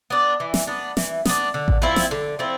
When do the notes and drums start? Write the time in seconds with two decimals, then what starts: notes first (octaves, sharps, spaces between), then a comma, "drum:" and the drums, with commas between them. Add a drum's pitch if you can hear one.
0.10 B3 D4
0.40 E3
0.54 drum: snare
0.67 B3 D4
0.97 E3, drum: snare
1.25 B3 D4, drum: snare
1.54 D3
1.68 drum: kick A1
1.82 F3 C4 E4
1.96 drum: snare
2.11 D3
2.39 F3 C4 E4